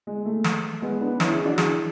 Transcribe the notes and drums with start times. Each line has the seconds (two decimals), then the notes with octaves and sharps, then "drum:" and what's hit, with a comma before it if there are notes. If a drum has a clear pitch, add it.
0.07 G#3
0.26 A3
0.44 drum: snare
0.82 G#3 B3
1.01 B3 D4
1.20 C#4 E4, drum: snare
1.33 E4 G#4
1.45 D4 F#4
1.58 E4 G#4, drum: snare